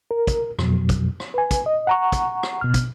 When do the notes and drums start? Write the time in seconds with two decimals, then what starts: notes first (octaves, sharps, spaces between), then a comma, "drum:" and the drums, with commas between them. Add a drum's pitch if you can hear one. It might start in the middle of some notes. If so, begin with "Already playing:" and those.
0.11 A#4
0.27 drum: kick, hi-hat
0.59 F2 B2 F#3, drum: rim click
0.89 drum: kick, hi-hat
1.20 drum: rim click
1.34 B4 G#5
1.51 drum: kick, hi-hat
1.66 D#5
1.87 F#5 A#5 C#6
2.12 drum: kick, hi-hat
2.43 drum: rim click
2.61 B2 F6
2.74 drum: kick, hi-hat